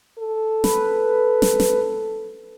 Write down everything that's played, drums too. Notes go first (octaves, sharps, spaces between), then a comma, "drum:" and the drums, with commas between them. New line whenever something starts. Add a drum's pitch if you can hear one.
A4
B4, drum: snare
drum: snare
drum: snare